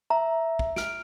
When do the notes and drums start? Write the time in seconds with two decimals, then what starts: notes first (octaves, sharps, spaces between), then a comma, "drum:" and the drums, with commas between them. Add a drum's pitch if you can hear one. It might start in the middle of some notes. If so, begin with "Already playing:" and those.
0.10 E5 A#5
0.59 drum: kick
0.76 F6 D7, drum: snare